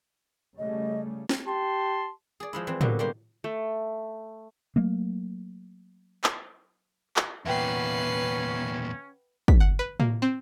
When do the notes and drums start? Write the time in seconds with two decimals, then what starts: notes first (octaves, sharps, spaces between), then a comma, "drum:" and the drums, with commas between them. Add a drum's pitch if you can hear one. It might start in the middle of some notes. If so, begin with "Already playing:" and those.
0.58 C#3 G3 A3 D#5
1.29 drum: snare
1.47 G4 A5 C6
2.40 G#4 D5
2.53 F3 G#3 E4
2.67 E3 C4
2.81 B2 D3 F#3 G3 A#3, drum: tom A2
2.99 G3 A#3 C5
3.44 A3
4.76 F#3 A3 A#3
6.24 drum: clap
7.16 drum: clap
7.45 E2 A#2 C#4 B4 E5 F#5 G5 C7
9.48 B6, drum: kick
9.60 F#5
9.79 B4
10.00 A#3, drum: tom A2
10.22 C4